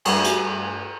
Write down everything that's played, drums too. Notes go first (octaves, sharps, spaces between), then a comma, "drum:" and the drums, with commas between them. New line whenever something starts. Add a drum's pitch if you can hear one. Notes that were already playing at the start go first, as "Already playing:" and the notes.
G2 G3 A3 F#4 G#4 G#5, drum: cymbal
drum: hi-hat